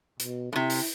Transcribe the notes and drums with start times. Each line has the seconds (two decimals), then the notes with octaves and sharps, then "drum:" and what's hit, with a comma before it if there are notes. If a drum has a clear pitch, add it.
0.20 B2, drum: hi-hat
0.53 A2 C3 E4
0.70 drum: open hi-hat